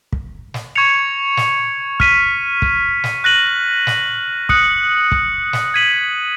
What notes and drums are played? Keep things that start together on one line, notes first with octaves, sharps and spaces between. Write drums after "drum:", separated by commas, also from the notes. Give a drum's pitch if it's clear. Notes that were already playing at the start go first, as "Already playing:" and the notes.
drum: kick
drum: snare
C#6 G#6 C#7 F7
drum: snare
F6 B6 D#7, drum: kick
drum: kick
drum: snare
F#6 A#6 D#7 F#7
drum: snare
D#6 F#6 C#7, drum: kick
drum: kick
drum: snare
G#6 B6 D#7 F#7